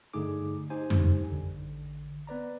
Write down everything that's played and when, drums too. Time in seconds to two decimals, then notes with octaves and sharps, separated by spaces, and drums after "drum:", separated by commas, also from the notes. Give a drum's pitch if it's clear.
0.13 G2 D3 A3 D#4 G#4 D6
0.70 D#4 G4 C5 G#5
0.90 drum: tom F2
1.30 A1 D3
2.27 B3 B4 D5 A#5